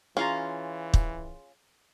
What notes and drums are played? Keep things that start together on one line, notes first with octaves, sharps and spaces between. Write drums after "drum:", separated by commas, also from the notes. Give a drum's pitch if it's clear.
E3 C#4 F4 G#4 F5 A#5 C6 A6
drum: kick